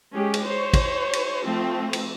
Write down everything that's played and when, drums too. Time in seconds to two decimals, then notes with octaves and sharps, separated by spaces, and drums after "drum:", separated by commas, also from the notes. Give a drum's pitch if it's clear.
0.14 G#3 C#4 G4
0.34 drum: cymbal
0.46 C5 C#5
0.74 drum: kick, cymbal
1.13 drum: cymbal
1.44 F3 A3 C4 F4
1.93 drum: cymbal